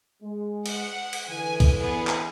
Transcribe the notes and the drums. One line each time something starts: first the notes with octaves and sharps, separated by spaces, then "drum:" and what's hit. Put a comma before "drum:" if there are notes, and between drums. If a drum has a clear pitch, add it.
G#3
F#5, drum: cymbal
drum: cymbal
D3 E3 G#5
drum: kick B1, cymbal
B3 G#4
drum: clap